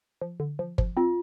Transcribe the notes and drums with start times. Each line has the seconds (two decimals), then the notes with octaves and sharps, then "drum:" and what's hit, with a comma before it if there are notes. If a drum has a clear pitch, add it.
0.21 F3
0.40 D3
0.59 F3
0.78 F3, drum: kick G1
0.97 C4 F4